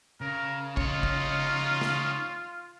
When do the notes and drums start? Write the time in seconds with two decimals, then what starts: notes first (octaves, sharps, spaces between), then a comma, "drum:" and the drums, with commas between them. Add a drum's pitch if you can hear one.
0.21 C#3 A#4
0.77 D#4 F4 C#5, drum: kick G1
1.03 drum: kick G1
1.81 drum: snare